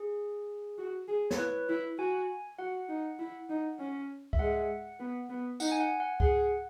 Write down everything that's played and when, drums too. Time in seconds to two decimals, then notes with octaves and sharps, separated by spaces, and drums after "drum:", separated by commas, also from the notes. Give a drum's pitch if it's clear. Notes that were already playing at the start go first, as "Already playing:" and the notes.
Already playing: G#4
0.78 F#4
1.08 G#4
1.31 C#5, drum: snare
1.38 E4 B4
1.69 E4
1.98 F#4 G#5
2.58 F#4 F#5
2.89 D#4
3.19 E4
3.49 D#4
3.79 C#4
4.33 E5, drum: kick C#2
4.39 G#3 F#5
5.00 B3
5.30 B3
5.60 D#4 F#5, drum: tambourine
5.72 G#5
5.80 F#5
6.00 F#5
6.20 G#4 F#5, drum: kick C#2